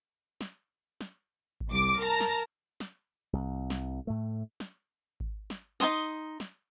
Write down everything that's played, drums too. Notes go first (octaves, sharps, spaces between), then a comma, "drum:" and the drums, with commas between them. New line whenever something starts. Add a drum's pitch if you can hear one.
drum: snare
drum: snare
drum: kick G#1
C2 D6
A#4 A5 A#5
drum: snare
drum: snare
C2
drum: snare
A2 A3
drum: snare
drum: kick G#1
drum: snare
D#4 F4 C6 D#6, drum: snare
drum: snare